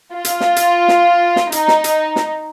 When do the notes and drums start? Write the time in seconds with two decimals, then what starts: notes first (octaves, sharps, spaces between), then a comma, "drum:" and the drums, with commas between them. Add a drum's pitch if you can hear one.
0.13 F4
0.25 drum: hi-hat
0.40 drum: snare
0.56 drum: hi-hat
0.88 drum: snare
1.36 drum: snare
1.52 D#4, drum: hi-hat
1.68 drum: snare
1.84 drum: hi-hat
2.16 drum: snare